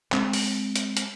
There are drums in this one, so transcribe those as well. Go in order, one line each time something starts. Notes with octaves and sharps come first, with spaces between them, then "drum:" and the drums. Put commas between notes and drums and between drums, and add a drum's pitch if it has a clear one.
G#3 C4, drum: clap
drum: open hi-hat
drum: hi-hat
drum: hi-hat